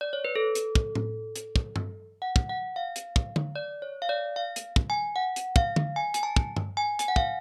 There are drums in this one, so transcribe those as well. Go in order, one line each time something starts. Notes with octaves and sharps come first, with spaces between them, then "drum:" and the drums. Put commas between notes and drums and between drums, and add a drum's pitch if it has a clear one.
D5
C#5
B4
A4
drum: hi-hat
drum: kick
drum: tom A2
drum: hi-hat
drum: kick
drum: tom G2
F#5
drum: kick
F#5
F5
drum: hi-hat
drum: kick
drum: tom D3
D5
C#5
F5
D5
F5
drum: hi-hat
drum: kick
G#5
F#5
drum: hi-hat
F5, drum: kick
drum: tom D3
G#5
G#5, drum: hi-hat
A5
drum: kick
drum: tom G2
G#5
G#5, drum: hi-hat
F#5
F5, drum: kick